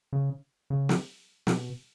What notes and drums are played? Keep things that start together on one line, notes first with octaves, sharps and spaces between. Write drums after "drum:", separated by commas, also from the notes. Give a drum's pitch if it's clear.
C#3
C#3
drum: snare
B2, drum: snare